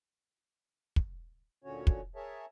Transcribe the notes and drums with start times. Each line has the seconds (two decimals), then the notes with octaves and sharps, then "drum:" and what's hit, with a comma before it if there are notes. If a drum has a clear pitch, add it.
0.96 drum: kick
1.64 D2 A#2 D3 C#4 F#4 C#5
1.87 drum: kick
2.16 G#4 A#4 C#5 E5 A5